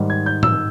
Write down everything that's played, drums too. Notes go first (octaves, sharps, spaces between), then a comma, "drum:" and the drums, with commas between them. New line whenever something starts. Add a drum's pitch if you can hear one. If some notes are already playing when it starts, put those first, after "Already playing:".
Already playing: G#2 D#3 G3
G#6
G6
E6, drum: tom